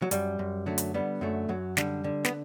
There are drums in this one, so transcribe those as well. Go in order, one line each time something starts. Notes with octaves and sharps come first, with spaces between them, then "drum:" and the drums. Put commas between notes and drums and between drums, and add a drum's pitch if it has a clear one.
F#3
F#2 G3, drum: hi-hat
F#2
D3 F#3 A3
drum: hi-hat
D3 G3 B3
F#2 F#3 A3
F#2 F#3
D3 G3, drum: snare
D3
B3, drum: snare